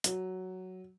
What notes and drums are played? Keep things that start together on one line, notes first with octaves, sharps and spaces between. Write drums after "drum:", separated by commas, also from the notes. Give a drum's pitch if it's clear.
F#3, drum: hi-hat